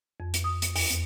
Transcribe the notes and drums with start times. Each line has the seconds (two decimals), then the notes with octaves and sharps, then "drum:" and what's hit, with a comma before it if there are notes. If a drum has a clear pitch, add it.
0.20 F2
0.34 drum: hi-hat
0.44 D#6
0.62 drum: hi-hat
0.76 E2, drum: open hi-hat
0.90 drum: hi-hat